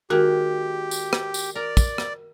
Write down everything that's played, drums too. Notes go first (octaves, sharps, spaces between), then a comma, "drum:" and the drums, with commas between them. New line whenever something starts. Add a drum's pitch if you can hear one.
D#3 G#3 A#3 F#4 G4
drum: tambourine
drum: rim click
drum: tambourine
A#4 D5
drum: kick, tambourine
drum: rim click